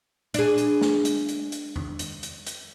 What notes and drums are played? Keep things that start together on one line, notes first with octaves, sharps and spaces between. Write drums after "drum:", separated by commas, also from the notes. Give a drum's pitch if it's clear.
D4 G#4, drum: hi-hat
drum: hi-hat
drum: snare
drum: hi-hat
drum: hi-hat
drum: hi-hat
drum: tom E2
drum: hi-hat
drum: hi-hat
drum: hi-hat